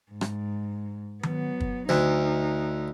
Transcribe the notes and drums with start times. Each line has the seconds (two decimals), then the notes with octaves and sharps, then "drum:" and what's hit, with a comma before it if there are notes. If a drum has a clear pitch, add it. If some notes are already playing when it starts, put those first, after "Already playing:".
0.12 G#2
0.21 drum: rim click
1.23 F#3 B3, drum: tom D#3
1.60 drum: kick
1.89 D2 D#4, drum: snare